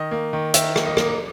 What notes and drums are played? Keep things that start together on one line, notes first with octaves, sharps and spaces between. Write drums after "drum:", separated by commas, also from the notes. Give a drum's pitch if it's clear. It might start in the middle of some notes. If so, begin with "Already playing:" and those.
Already playing: D#3 D#5
A#3
D#3
D#3 E5, drum: hi-hat
A#3, drum: rim click
D#5
A#3, drum: rim click